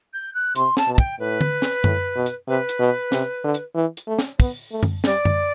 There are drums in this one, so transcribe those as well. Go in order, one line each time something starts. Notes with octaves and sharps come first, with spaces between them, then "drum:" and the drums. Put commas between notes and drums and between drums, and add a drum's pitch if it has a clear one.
G6
F#6
C3 C6, drum: hi-hat
A5, drum: snare
B2
A5
G5, drum: kick
A2 B4
drum: tom
drum: snare
A2, drum: tom F#2
B2
drum: hi-hat
C3 B4
drum: hi-hat
B2
C3, drum: snare
D3
drum: hi-hat
E3
drum: hi-hat
A3
drum: snare
B3, drum: kick, open hi-hat
A3
drum: tom F#2
G3 D5, drum: snare
drum: tom F#2